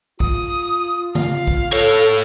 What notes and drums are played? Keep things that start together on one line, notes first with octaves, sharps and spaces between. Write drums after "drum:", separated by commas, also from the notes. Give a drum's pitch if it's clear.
F4 D#6, drum: kick A#1
F5, drum: tom C#3
drum: kick A#1
A3 A4 C#5